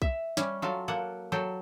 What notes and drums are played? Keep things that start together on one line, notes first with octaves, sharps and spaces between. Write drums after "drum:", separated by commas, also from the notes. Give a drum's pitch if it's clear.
E5, drum: kick B1
G3 C#4, drum: snare
F#3 F4 A4
A#3 A4 F#5
F#3 A4 G5